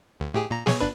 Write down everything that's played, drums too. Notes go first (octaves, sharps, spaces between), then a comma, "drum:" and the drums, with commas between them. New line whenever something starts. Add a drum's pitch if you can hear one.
D2
A2 G4 G#4
A#2 A#5
G#4 C#5, drum: snare
G1 D4 B4